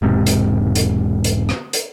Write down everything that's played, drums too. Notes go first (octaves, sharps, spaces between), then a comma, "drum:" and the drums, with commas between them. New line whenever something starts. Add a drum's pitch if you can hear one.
E1 G#2 C3
drum: hi-hat
drum: hi-hat
drum: hi-hat
drum: rim click
drum: hi-hat